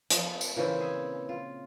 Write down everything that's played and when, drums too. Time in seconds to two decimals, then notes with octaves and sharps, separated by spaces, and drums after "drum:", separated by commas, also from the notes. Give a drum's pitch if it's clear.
0.10 F3 D#5, drum: hi-hat
0.41 drum: tambourine
0.57 A#2 C#3 E3 C4
0.80 G#4 E5
1.29 F4